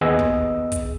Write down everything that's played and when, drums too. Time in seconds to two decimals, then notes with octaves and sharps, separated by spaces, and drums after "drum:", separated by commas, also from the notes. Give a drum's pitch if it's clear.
0.01 D#2 B3 G#4 D#5 E6
0.19 drum: kick
0.72 drum: kick, hi-hat